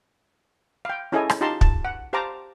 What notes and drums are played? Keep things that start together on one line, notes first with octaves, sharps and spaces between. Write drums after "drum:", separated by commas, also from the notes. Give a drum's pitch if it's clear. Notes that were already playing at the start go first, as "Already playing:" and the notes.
F5 G5
C#4 E4 G#4 A4 D#5 G#5
drum: rim click
D#4 F4 G4 A5 A#5 C6
A5, drum: kick
F#5
G4 C5 F5 A5 A#5 D6